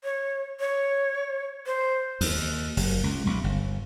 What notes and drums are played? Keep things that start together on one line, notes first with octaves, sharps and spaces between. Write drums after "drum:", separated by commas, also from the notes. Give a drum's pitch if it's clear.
C#5
C#5
C5
D#2, drum: open hi-hat
F#1, drum: open hi-hat
C#2
B1
G1